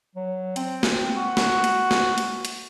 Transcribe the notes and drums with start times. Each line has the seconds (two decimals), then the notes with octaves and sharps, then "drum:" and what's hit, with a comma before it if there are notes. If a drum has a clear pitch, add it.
0.15 F#3
0.56 C4, drum: hi-hat
0.83 drum: snare
1.16 F#4
1.37 drum: snare
1.64 drum: hi-hat
1.91 drum: snare
2.18 drum: hi-hat
2.45 drum: hi-hat